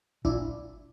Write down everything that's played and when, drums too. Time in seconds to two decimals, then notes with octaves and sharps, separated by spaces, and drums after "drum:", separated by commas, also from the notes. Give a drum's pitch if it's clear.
0.25 A#2 D4 E4, drum: kick